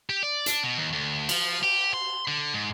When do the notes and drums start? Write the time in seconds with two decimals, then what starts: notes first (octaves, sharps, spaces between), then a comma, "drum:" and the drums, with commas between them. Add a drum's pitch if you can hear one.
0.10 G4
0.23 D5
0.46 D4, drum: hi-hat
0.63 B2
0.78 D#2
0.93 D2
1.29 F3, drum: cymbal
1.63 G4
1.94 C6
2.28 D3
2.54 G#2